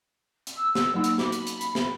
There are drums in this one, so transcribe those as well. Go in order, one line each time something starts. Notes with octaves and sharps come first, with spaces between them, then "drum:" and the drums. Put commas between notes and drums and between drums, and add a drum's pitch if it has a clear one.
drum: hi-hat
E6
drum: snare
F#3 A#3 D#4
drum: hi-hat
F#4 B5 D6, drum: snare
drum: hi-hat
drum: hi-hat
drum: hi-hat
drum: snare